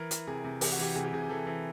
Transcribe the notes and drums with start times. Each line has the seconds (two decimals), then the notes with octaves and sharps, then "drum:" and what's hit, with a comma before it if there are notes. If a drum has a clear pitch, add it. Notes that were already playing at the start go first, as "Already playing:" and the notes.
Already playing: E3 A#4
0.11 E3, drum: hi-hat
0.27 C3 G#4
0.44 C3
0.61 E3 G4, drum: open hi-hat
0.72 F#4
0.79 E3 G4
0.96 C3 G#4
1.04 G4
1.13 C3 G#4
1.23 G#4
1.29 E3 A4
1.46 E3